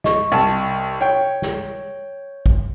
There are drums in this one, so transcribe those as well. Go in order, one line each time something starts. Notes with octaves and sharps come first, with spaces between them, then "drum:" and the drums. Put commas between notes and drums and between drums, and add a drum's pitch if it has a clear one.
D#5 C#6, drum: snare
C2 A5
C#5 G5
drum: snare
drum: kick G#1